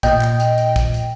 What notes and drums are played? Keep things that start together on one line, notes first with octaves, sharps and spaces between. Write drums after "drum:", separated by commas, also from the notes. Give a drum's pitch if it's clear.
A#2 D#5 G5, drum: kick, hi-hat
drum: clap
drum: hi-hat
drum: hi-hat
drum: kick, hi-hat
drum: hi-hat